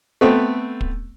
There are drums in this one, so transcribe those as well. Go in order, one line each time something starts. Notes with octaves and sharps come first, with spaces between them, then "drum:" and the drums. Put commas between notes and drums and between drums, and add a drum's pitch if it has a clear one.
A3 B3 C4
drum: kick